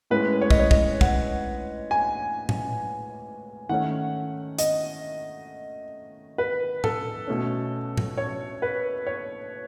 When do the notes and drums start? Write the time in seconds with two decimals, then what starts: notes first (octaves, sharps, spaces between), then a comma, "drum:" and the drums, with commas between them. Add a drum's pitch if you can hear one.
0.10 A2 G#3 C#4 B4
0.41 C#5
0.50 D#5, drum: kick
0.59 C#5
0.71 D#5, drum: kick
1.01 F#5, drum: kick
1.91 G#5
2.49 drum: tom A2
3.69 D#3 A3 C#4 F#5
4.59 D#5, drum: hi-hat
6.38 B4
6.84 A4, drum: tom A2
7.27 B2 A3 C#4
7.97 drum: tom A2
8.18 C#5
8.62 B4
9.07 C#5